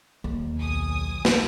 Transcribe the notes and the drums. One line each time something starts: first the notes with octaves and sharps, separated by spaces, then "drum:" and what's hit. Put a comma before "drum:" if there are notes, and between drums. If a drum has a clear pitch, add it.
D#2
B1 G#5 D#6
drum: snare